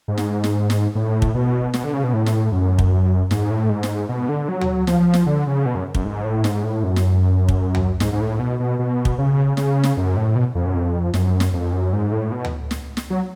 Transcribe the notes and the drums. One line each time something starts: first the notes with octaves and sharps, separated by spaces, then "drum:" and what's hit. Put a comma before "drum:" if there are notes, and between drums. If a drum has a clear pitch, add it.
G#2
drum: snare
drum: snare
drum: snare
A2
drum: kick
B2
B2, drum: snare
D3
C#3
B2
A2
drum: snare
F#2
drum: kick
G#2, drum: snare
A2
G#2
drum: snare
B2
D3
F#3
drum: tom D2
F3, drum: snare
drum: snare
D3
C#3
B2
F#2
F#2, drum: kick
G#2
A2
G#2, drum: snare
A2
F#2
drum: snare
drum: kick
drum: tom D2
G#2, drum: snare
G#2
A2
B2
B2
B2
drum: kick
C#3
C#3, drum: snare
drum: snare
F#2
A2
B2
F2
F#2
F2
F#2, drum: snare
drum: snare
F2
F#2
G#2
A2
B2
drum: tom D2
drum: snare
drum: snare
F#3